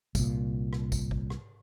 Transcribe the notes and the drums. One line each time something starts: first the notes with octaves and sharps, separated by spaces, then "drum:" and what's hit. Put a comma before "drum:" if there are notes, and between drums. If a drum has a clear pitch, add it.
C2 A#2, drum: kick, tambourine
drum: rim click
drum: kick, tambourine
drum: kick
drum: rim click